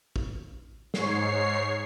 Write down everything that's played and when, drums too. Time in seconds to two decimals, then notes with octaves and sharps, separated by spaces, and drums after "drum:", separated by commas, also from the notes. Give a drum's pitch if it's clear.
0.16 drum: kick
0.94 G#2 C#5 C7, drum: snare